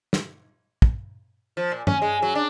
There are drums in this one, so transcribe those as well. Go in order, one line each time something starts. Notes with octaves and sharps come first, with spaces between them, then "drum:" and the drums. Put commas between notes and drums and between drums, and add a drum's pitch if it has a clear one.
drum: snare
drum: kick
F3
A#2
C#4, drum: tom G2
G#3
F#3
D4